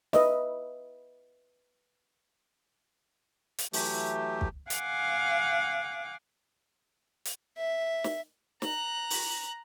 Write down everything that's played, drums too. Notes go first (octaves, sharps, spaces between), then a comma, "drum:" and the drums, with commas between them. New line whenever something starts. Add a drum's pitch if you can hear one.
B4 D#5 E5, drum: snare
drum: hi-hat
E3 F#3 A3 G4, drum: open hi-hat
drum: kick
F5 F#5 G#5 D6, drum: hi-hat
drum: hi-hat
E5
drum: snare
A#5 F#6, drum: snare
drum: open hi-hat